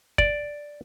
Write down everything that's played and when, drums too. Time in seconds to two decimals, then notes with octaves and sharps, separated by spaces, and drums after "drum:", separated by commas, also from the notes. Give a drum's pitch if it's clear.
0.18 D5, drum: kick